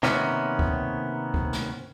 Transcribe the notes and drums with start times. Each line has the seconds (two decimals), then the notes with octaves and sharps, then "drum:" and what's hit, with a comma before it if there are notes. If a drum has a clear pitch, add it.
0.03 C3 D#3 A#3 B3 C#4, drum: snare
0.59 drum: kick
1.34 drum: kick
1.53 drum: snare